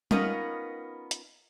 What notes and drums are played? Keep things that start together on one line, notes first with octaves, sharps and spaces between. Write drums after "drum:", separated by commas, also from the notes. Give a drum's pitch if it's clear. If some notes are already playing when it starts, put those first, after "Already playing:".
B3 C#4 D#4 F4 A#4 B4, drum: tom G3
drum: hi-hat